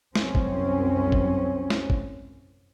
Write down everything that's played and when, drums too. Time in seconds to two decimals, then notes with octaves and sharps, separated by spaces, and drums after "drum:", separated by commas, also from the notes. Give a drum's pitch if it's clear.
0.16 C2 F#2 C4 C#4, drum: snare
0.35 drum: kick
1.12 drum: kick
1.70 drum: snare
1.90 drum: kick